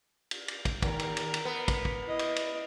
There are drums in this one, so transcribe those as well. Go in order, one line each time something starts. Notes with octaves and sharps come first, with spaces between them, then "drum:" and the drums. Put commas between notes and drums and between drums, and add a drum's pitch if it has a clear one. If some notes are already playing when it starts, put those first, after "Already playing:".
drum: cymbal
drum: cymbal
drum: kick, cymbal
D#2 A#4, drum: kick, cymbal
drum: cymbal
drum: cymbal
drum: cymbal
B3
drum: kick, cymbal
drum: kick
E4 D#5
drum: cymbal
drum: cymbal